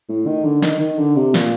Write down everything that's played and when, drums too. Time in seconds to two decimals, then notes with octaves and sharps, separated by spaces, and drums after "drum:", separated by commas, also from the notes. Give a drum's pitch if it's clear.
0.09 A2
0.27 D#3
0.44 D3
0.62 D#3, drum: snare
0.80 D#3
0.99 D3
1.16 C3
1.34 A#2, drum: snare